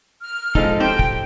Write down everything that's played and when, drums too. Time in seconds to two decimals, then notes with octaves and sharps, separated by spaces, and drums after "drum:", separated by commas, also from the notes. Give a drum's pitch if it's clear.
0.21 F6
0.55 F3 G#3 D#4 A4, drum: kick
0.80 C4 D#4 G4 C5 G5
0.99 drum: kick